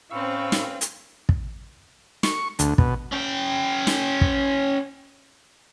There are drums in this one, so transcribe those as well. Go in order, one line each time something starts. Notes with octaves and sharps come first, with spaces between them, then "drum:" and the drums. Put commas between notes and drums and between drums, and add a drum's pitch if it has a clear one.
A2 C4 C#4 B4 F5 C#6 E6
drum: snare
drum: hi-hat
drum: kick
C#6, drum: snare
D2, drum: hi-hat
B2, drum: kick
C#4 G5
drum: snare
drum: kick